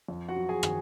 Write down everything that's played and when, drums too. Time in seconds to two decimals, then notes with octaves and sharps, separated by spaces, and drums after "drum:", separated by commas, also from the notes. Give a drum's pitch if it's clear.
0.08 F2
0.29 F#4 F#5
0.36 F#3
0.49 G#4 G#5
0.63 D#3, drum: rim click